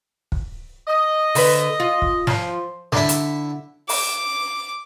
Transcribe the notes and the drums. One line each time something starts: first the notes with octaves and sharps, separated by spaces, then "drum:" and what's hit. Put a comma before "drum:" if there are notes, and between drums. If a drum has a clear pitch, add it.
drum: kick
D#5
D3 B4, drum: open hi-hat
F4
drum: kick
F3, drum: snare
D3 E4, drum: snare
drum: hi-hat
D6, drum: open hi-hat